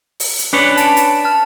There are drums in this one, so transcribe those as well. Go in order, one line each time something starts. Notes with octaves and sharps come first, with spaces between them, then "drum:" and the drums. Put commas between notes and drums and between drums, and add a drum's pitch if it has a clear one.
drum: open hi-hat
drum: hi-hat
C#4 D4 B4 C#5
A5 D7, drum: hi-hat
drum: hi-hat
A5 F6